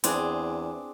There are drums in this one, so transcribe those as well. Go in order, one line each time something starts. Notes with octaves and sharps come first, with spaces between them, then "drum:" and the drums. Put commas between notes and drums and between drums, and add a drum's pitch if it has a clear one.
E2 C4 D4 G#4, drum: hi-hat